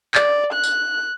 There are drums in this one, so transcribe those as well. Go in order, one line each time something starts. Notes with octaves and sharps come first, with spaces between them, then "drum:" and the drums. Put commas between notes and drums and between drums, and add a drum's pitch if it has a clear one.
D5, drum: clap
F#6
drum: tambourine